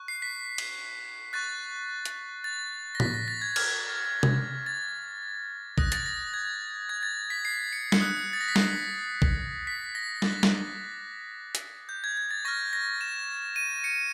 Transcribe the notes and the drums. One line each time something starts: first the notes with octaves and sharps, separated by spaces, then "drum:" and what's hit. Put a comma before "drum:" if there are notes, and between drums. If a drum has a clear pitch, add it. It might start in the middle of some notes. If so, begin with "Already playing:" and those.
Already playing: C#6 F#6
C7
B6
drum: cymbal
C#6 F#6 A6
drum: hi-hat
A6
A#6
B6, drum: tom A2
A#6
A6
G#6
D6 F6 G#6, drum: cymbal
drum: tom C3
A6
D#6 F#6 A#6, drum: kick A1
A6, drum: hi-hat
A#6
G#6
G#6
A6
B6
C7
C#7
C#7, drum: snare
D#6 F#6 C7
A6
A#6
B6
C7, drum: snare
drum: kick A1
B6
A#6
D6 F#6 A6, drum: snare
drum: snare
drum: hi-hat
G6
G#6
G#6
A6
C#6 F6 A#6
A#6
E7
D#7
C#7